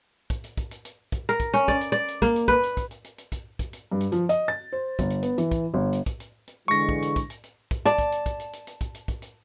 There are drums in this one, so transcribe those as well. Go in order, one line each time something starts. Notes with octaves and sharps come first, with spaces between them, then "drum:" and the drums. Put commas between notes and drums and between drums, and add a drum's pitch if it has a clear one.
drum: kick, hi-hat
drum: hi-hat
drum: kick, hi-hat
drum: hi-hat
drum: hi-hat
drum: kick, hi-hat
A#4, drum: hi-hat
drum: kick, hi-hat
C#4, drum: hi-hat
D5, drum: kick, hi-hat
drum: hi-hat
D5, drum: hi-hat
drum: hi-hat
A#3, drum: kick, hi-hat
drum: hi-hat
B4, drum: kick, hi-hat
drum: hi-hat
drum: kick, hi-hat
drum: hi-hat
drum: hi-hat
drum: hi-hat
drum: kick, hi-hat
drum: kick, hi-hat
drum: hi-hat
G2
drum: hi-hat
F3, drum: hi-hat
D#5, drum: hi-hat
A6
C5
G1, drum: kick, hi-hat
drum: hi-hat
B3, drum: hi-hat
E3, drum: hi-hat
drum: kick, hi-hat
G1
drum: hi-hat
drum: kick, hi-hat
drum: hi-hat
drum: hi-hat
D3 E3 G#3 C#6 A#6
drum: kick
drum: hi-hat
drum: kick, hi-hat
drum: hi-hat
drum: hi-hat
drum: kick, hi-hat
D5 A5, drum: hi-hat
drum: kick, hi-hat
drum: hi-hat
drum: kick, hi-hat
drum: hi-hat
drum: hi-hat
drum: hi-hat
drum: kick, hi-hat
drum: hi-hat
drum: kick, hi-hat
drum: hi-hat